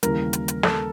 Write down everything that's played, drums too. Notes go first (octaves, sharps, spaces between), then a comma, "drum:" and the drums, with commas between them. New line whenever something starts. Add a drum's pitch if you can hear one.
D#2 C#3 E3 G3 A#4, drum: hi-hat
drum: hi-hat
drum: hi-hat
A4, drum: snare